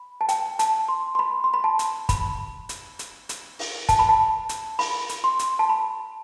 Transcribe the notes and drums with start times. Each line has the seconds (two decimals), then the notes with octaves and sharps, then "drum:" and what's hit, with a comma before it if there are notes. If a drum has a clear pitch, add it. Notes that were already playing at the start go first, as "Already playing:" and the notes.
Already playing: B5
0.21 A5
0.29 G5, drum: hi-hat
0.59 A5, drum: hi-hat
0.89 C6
1.15 C6
1.19 B5
1.44 C6
1.54 B5
1.64 A5
1.79 drum: hi-hat
2.09 B5, drum: kick, hi-hat
2.69 drum: hi-hat
2.99 drum: hi-hat
3.29 drum: hi-hat
3.59 drum: open hi-hat
3.89 A5, drum: kick, hi-hat
3.99 B5
4.09 A5
4.49 drum: hi-hat
4.79 B5, drum: open hi-hat
5.09 drum: hi-hat
5.24 C6
5.39 drum: hi-hat
5.59 A5
5.69 B5